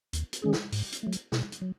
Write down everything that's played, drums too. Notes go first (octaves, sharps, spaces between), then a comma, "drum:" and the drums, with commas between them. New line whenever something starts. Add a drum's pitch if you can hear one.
D#2, drum: hi-hat
drum: hi-hat
D#3 G#3 C#4 G#4
drum: snare
G#2, drum: open hi-hat
drum: hi-hat
F#3 A3
drum: hi-hat
B2, drum: snare
drum: hi-hat
F#3